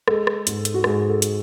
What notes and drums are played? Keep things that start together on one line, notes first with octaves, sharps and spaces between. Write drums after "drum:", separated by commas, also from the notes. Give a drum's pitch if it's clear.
G#3 A4, drum: rim click
drum: rim click
G#2, drum: hi-hat
drum: hi-hat
F#4
G#2 G#4, drum: rim click
A4
drum: hi-hat